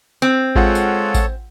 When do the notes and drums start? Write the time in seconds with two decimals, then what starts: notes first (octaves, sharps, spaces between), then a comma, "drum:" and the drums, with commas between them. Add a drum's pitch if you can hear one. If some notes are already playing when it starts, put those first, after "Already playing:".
0.22 C4
0.56 G#3 F4 A4 C#5 F#5, drum: kick A1
0.75 drum: tambourine
1.14 drum: kick A1, tambourine